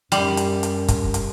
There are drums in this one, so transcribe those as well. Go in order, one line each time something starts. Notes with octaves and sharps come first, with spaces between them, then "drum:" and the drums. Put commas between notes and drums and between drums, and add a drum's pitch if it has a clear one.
F#2 G3, drum: hi-hat
drum: hi-hat
drum: hi-hat
drum: kick, hi-hat
drum: hi-hat